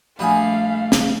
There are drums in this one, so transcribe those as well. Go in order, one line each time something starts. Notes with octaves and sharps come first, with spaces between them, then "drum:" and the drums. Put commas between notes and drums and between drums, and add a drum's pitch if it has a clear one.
A#1 G3 A3 F#4 F5 G#5 D#6
drum: snare